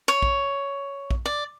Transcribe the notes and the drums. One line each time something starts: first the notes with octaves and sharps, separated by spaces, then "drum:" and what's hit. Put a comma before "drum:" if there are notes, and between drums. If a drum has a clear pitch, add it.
C#5
drum: kick A#1
drum: kick A#1
D5